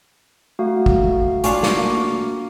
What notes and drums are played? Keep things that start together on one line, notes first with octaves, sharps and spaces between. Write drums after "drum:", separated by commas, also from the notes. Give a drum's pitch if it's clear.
A3 F#4 F5
drum: kick
C#4 D4 F4, drum: hi-hat
A#3, drum: snare